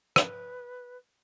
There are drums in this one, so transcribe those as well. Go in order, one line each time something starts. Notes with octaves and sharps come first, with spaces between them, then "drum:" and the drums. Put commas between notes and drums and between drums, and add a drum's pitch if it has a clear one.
B4, drum: rim click